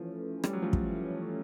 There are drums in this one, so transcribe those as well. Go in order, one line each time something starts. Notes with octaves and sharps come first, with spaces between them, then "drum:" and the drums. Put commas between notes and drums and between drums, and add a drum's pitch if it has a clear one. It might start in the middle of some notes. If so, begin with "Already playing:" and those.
Already playing: E3 F3 A3 C#4
E3 G3 A3 C#4, drum: rim click
F#3
F3
drum: kick